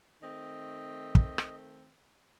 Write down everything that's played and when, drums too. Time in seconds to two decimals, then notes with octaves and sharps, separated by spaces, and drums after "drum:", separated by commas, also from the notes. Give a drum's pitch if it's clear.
0.22 D#3 A3 C4 D#5
1.15 drum: kick
1.38 drum: rim click